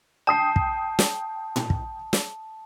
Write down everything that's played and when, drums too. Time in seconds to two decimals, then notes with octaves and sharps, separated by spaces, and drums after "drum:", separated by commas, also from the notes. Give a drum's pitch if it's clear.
0.27 G5 A5 D#6 C7
0.56 drum: kick
0.99 drum: snare
1.56 drum: tom A2
1.70 drum: kick
2.13 drum: snare